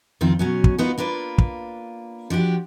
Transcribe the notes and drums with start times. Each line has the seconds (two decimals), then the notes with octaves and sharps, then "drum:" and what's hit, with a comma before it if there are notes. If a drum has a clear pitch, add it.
0.21 F2 D#3 C4 F4
0.39 B2 F#3 C#4
0.64 drum: kick
0.78 B3 D#4 F4 F#4
0.98 A#3 D4 F4 B4
1.38 drum: kick
2.30 F3 D4 F#4 G4